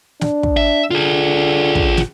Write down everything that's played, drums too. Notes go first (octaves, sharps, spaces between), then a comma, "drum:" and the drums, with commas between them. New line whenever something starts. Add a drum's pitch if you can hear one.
D4, drum: snare
drum: kick
E5
D3 F4 G#4
drum: kick
drum: snare